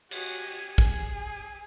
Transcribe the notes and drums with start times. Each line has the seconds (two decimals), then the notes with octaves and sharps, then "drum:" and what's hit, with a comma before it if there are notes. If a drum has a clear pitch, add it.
0.11 F#4 G4 G#5, drum: cymbal
0.78 G#4, drum: kick
1.25 G#5